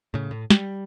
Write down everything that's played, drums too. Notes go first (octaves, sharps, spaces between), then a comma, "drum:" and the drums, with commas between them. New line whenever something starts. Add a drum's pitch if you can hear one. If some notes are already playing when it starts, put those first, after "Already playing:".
A2 C#3
A2
G3, drum: snare